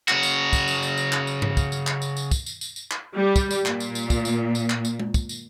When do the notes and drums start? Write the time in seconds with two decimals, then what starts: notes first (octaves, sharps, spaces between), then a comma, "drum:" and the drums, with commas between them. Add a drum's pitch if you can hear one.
0.08 C#3 F#4, drum: clap
0.23 drum: tambourine
0.53 drum: kick, tambourine
0.68 drum: tambourine
0.83 drum: tambourine
0.97 drum: tambourine
1.12 drum: clap
1.27 drum: tambourine
1.42 drum: tom G2
1.57 drum: kick, tambourine
1.72 drum: tambourine
1.87 drum: clap
2.02 drum: tambourine
2.17 drum: tambourine
2.31 drum: kick, tambourine
2.46 drum: tambourine
2.61 drum: tambourine
2.76 drum: tambourine
2.91 drum: clap
3.15 G3
3.36 drum: kick, tambourine
3.51 drum: tambourine
3.65 A#2, drum: clap
3.80 drum: tambourine
3.95 drum: tambourine
4.10 drum: kick, tambourine
4.25 drum: tambourine
4.55 drum: tambourine
4.70 drum: clap
4.85 drum: tambourine
4.99 drum: tom G#3
5.14 drum: kick, tambourine
5.29 drum: tambourine